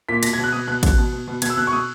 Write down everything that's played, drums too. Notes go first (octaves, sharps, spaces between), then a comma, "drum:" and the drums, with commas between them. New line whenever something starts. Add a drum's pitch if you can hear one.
A#2 B6
B2 A#6, drum: cymbal
G#6
B2
F#6
B2 D#6
B2 F#6
B2, drum: kick, cymbal
B2
B2
B2
B2 G#6, drum: cymbal
E6
B2 F#6
C#6
B2 D#6